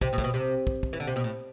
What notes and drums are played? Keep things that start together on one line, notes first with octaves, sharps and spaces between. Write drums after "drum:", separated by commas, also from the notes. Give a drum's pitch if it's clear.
C3, drum: kick
B2
A2, drum: kick
B2
C3
drum: kick
drum: kick
E3
D3
C3
B2
A2